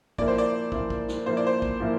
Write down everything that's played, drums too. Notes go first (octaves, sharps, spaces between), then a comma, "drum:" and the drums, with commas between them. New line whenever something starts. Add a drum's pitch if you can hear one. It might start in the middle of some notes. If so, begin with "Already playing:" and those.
A#2 F3 A#3 E4 D5, drum: kick
C5
D5
A#2 F3 A#3 E4, drum: kick
drum: kick
drum: snare
A#2 F3 A#3 E4 C5
D5
C5
drum: kick
A#2 F3 A#3 E4